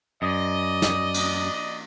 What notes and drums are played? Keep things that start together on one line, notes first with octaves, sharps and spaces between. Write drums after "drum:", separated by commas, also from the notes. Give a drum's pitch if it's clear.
F#2 D5 D#5
drum: snare
drum: cymbal